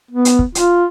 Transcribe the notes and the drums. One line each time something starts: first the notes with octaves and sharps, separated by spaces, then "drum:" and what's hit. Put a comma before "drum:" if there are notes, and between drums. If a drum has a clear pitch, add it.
B3
drum: hi-hat
drum: kick
F4, drum: hi-hat